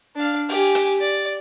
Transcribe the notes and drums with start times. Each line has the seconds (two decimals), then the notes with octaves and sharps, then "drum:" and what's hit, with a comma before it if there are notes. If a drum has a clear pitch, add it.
0.16 D4 F5
0.49 G4 G#5, drum: open hi-hat
0.75 drum: hi-hat
1.00 D5